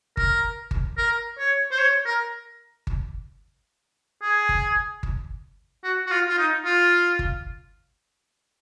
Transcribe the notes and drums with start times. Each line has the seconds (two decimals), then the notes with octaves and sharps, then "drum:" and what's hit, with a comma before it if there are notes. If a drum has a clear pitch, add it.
0.17 A#4, drum: kick G1
0.71 drum: kick G1
0.98 A#4
1.39 C#5
1.72 C5
1.79 C#5
2.06 A#4
2.87 drum: kick G1
4.22 G#4
4.49 drum: kick G1
5.03 drum: kick G1
5.84 F#4
6.07 F#4
6.11 F4
6.28 F4
6.38 D#4
6.65 F4
7.19 drum: kick G1